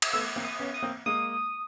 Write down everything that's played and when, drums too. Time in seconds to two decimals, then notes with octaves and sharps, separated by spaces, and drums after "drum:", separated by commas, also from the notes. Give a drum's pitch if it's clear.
0.02 drum: cymbal
0.13 A3 B3 E6
0.36 A#3 C4
0.45 D#6
0.59 B3 C#4
0.74 D#6
0.82 A#3 C4
1.06 G#3 A#3 D#6